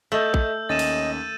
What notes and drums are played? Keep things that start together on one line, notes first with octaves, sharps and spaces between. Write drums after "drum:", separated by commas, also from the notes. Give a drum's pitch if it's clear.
A3 A4 D#5 E5 E6 G6
drum: kick
D#2 C#4 D#5 A6 D#7 E7
drum: cymbal